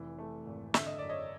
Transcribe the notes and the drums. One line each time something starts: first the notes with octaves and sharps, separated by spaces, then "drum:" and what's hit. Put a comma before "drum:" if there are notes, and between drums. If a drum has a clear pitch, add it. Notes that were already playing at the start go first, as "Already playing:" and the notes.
Already playing: F1 E3
A3
G#1
D3 E5, drum: snare
D#5
F#2 D5
C#5 D#5